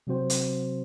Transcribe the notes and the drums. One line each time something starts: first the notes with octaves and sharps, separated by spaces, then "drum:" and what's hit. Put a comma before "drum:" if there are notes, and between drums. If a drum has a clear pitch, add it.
C3 F#3 C4 F#4 C5
drum: hi-hat